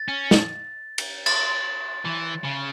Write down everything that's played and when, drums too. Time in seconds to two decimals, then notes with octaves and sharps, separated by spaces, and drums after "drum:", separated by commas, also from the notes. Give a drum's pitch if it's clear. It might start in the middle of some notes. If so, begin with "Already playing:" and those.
Already playing: A6
0.08 C#4
0.31 drum: snare
0.98 drum: cymbal
1.26 A6, drum: cymbal
2.05 E3
2.44 C#3